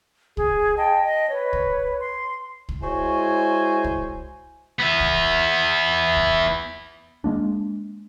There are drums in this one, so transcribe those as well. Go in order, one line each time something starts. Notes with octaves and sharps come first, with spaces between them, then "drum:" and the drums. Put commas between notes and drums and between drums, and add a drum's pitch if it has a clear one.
G#4, drum: kick
D#5 G5 A5
D#5
B4 C#5
drum: kick
C6
drum: kick
G#3 E4 F#4 C5 C#5 G#5
drum: kick
B3 E4
drum: kick
drum: kick
G#3 A#3 D4